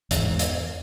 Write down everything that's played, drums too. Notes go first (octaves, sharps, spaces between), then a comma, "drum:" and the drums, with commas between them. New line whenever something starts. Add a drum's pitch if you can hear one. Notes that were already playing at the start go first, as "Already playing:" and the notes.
E2 G#2, drum: hi-hat
drum: hi-hat